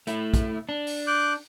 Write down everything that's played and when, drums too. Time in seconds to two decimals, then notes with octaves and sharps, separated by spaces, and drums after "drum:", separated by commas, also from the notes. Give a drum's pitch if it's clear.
0.07 A3 E4, drum: hi-hat
0.34 drum: kick, hi-hat
0.69 D4
0.87 drum: open hi-hat
1.07 D6 F#6 G6